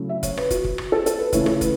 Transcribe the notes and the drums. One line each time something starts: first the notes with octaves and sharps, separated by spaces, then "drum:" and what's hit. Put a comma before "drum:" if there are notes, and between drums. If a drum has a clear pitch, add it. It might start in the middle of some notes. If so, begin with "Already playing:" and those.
Already playing: C#3 F#3 A3 C#4 E4
E5
C#5, drum: kick, hi-hat
B4, drum: rim click
F#4, drum: kick, hi-hat
drum: kick
drum: rim click
A4
A4, drum: hi-hat
B4
C#3 E3 A3 C#4 E4 C#5, drum: kick, hi-hat
A4, drum: rim click
B4, drum: kick, hi-hat